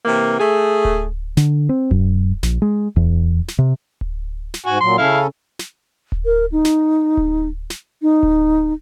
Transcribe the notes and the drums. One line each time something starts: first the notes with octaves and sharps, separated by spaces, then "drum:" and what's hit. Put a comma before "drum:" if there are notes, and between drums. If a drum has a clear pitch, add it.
C3 E3 A#3
A3 G#4
drum: kick D1
D3, drum: snare
C4
F#2, drum: kick D1
A#1, drum: snare
G#3
E2, drum: kick D1
drum: snare
C3
drum: kick D1
drum: snare
G#2 F#4 G#5
A#2 F#3 C6
C#3 C#4 E4 A4 F5
drum: snare
drum: kick D1
A#4
D#4
drum: snare
drum: kick D1
drum: snare
D#4
drum: kick D1